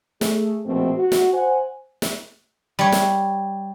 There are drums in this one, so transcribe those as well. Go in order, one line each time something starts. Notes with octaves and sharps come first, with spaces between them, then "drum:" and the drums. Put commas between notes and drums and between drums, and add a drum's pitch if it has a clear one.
A3 G#4, drum: snare
A#1 B2 A3 C4
F#4
drum: snare
C5 F#5 G#5
drum: snare
G3 C#5
drum: snare